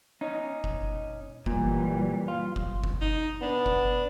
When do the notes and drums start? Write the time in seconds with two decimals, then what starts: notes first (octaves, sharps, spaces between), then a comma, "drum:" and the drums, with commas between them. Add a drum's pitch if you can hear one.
0.21 C#4 D#4
0.64 drum: kick F#1
1.46 A#2 E3 F#3 G3, drum: kick F#1
2.28 F4
2.56 drum: kick F#1
2.84 drum: kick F#1
3.01 D#4
3.42 B3 D4
3.66 drum: kick F#1